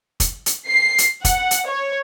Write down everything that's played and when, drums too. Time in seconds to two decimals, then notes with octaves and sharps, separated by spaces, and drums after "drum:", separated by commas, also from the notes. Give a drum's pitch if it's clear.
0.20 drum: kick, hi-hat
0.46 drum: hi-hat
0.68 C7
0.98 drum: hi-hat
1.25 F#5, drum: kick, hi-hat
1.51 drum: hi-hat
1.68 C#5